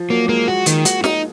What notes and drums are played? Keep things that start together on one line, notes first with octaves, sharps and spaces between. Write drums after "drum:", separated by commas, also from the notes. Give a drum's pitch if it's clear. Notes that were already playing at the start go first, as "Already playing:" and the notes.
Already playing: F3
F#3 A#3
G#3 A#3
F#4
D#3 A#3, drum: hi-hat
F#4, drum: hi-hat
G#3 D#4, drum: snare